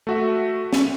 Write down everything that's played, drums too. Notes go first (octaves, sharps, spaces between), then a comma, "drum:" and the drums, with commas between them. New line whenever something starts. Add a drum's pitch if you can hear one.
A3 F#4 E5
drum: snare